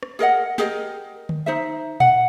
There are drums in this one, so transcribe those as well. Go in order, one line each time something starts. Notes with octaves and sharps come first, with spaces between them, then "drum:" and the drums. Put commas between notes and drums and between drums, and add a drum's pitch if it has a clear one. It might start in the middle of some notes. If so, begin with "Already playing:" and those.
drum: rim click
G#4 A#4 D#5 F#5
G4 G#4 A#4 D#5, drum: snare
drum: tom D3
D#4 C5 E5
F#5, drum: tom A#2